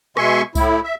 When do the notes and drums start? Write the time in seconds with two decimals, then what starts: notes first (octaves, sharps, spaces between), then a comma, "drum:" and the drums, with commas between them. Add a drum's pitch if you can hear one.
0.17 B2 G#3 E5 G#5 C6 C#6, drum: rim click
0.55 A2 E4, drum: kick C2, tambourine
0.84 E5